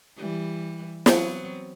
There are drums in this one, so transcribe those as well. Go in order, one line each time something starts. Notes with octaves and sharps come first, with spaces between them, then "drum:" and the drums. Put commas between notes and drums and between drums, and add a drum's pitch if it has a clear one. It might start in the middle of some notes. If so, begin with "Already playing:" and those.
E3 G3
F#3 B3 C4, drum: snare